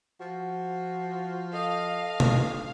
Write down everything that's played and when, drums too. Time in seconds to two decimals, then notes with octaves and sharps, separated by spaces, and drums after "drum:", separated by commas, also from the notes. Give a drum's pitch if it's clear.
0.20 F3 F#4
1.53 A4 D#5 F5
2.20 drum: tom B2